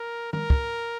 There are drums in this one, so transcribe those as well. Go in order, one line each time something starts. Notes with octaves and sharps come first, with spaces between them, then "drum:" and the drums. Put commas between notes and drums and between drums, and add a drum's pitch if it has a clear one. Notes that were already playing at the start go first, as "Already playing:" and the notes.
Already playing: A#4
A#4, drum: tom
drum: kick